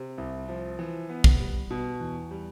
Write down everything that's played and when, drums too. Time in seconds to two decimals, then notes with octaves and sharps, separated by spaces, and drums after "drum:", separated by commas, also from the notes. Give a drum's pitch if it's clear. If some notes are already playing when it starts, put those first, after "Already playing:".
Already playing: C3
0.18 C2
0.48 F3
0.79 E3
1.09 B3
1.24 drum: kick
1.40 G3
1.71 B2
2.00 E2
2.31 G3